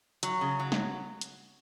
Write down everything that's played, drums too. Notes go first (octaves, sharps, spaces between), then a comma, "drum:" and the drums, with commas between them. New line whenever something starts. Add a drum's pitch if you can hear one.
F#3, drum: hi-hat
C#3
F#3
drum: snare
drum: hi-hat